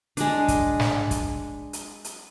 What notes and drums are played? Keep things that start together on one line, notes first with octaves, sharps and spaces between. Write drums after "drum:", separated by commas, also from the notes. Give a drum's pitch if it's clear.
G#3 D4, drum: hi-hat
drum: kick, hi-hat
drum: snare
drum: kick, hi-hat
drum: hi-hat
drum: hi-hat